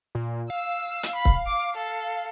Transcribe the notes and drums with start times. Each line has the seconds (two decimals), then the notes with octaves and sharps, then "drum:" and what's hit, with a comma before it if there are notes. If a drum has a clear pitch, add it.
0.15 A#2
0.50 F5 E6
1.03 drum: hi-hat
1.15 B5
1.25 drum: kick C#1
1.46 D6
1.77 A4